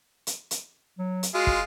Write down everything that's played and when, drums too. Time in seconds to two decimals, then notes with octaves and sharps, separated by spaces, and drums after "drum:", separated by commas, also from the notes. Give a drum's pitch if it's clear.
0.27 drum: hi-hat
0.51 drum: hi-hat
0.99 F#3
1.23 drum: hi-hat
1.34 G#3 F4 F#4
1.47 drum: kick